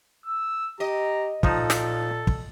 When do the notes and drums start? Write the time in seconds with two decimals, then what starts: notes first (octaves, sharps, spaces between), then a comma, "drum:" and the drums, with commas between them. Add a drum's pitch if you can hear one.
0.26 E6
0.80 G4 D#5 A#5
1.43 A#2 F3 D#4 A4 A5, drum: kick
1.70 drum: snare
2.27 drum: kick